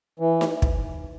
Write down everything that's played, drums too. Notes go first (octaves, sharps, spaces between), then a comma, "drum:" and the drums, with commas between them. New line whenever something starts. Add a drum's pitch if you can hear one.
E3
drum: snare D#4
drum: kick